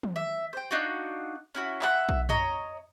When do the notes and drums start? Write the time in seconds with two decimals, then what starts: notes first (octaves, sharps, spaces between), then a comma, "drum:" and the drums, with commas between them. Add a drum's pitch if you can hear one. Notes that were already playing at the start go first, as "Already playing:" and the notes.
0.03 drum: tom
0.16 E5
0.53 C5 G5
0.71 D4 D#4 F4 F#4
1.55 C#4 E4 F#4
1.82 E5 F#5, drum: clap
2.09 drum: kick B1
2.29 C#5 D#5 A#5, drum: tom